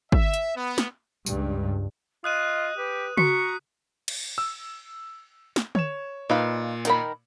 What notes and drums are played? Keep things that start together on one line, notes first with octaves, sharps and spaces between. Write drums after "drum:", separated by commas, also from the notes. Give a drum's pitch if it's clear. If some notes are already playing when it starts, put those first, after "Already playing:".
E5, drum: kick
drum: hi-hat
B3
drum: snare
C#2 G2, drum: tambourine
F4 D#5 D#6 F#6 D#7
G4 B4
F#4 A#5 C#6 B6, drum: tom C#3
drum: cymbal
E6
drum: snare
C#5 E7, drum: tom
A#2 D#4 B4 F5
D#3 A#4 B5, drum: hi-hat